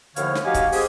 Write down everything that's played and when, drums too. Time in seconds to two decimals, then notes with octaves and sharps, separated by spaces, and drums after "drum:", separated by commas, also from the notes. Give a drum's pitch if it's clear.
0.16 D#2 A2 D3 F3 C#5 F5, drum: hi-hat
0.35 drum: snare
0.45 D#4 F#4 G4 F5 G#5
0.54 drum: kick, hi-hat
0.72 G#3 C4 G4 G#4, drum: open hi-hat